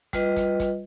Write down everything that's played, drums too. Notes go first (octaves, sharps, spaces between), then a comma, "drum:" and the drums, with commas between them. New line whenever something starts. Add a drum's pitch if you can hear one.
G3 F4 B4 D#5, drum: kick, hi-hat
drum: kick, hi-hat
drum: kick, hi-hat